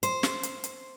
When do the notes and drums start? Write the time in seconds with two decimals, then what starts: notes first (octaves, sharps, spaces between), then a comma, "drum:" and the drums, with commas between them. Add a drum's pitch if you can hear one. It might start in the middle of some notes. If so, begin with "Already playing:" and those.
0.03 C5, drum: hi-hat
0.23 drum: snare
0.43 drum: hi-hat
0.64 drum: hi-hat